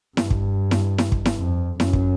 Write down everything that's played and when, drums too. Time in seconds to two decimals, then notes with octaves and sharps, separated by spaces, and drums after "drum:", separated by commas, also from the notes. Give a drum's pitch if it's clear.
0.17 G2, drum: snare E4
0.31 drum: kick
0.71 drum: snare E4
0.98 drum: snare E4
1.12 drum: kick
1.25 drum: snare E4
1.39 F2
1.80 F#2, drum: snare E4
1.93 drum: kick